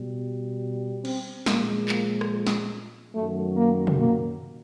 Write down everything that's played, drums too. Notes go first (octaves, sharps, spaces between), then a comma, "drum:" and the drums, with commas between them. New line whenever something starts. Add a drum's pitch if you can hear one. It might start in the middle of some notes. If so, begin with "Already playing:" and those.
Already playing: B2 G3
C4, drum: cymbal
A#2 F3 G#3 A#3, drum: snare
A#3, drum: clap
drum: rim click
drum: snare
F#2 D#3 F#3 A3
A#3
drum: tom
A#3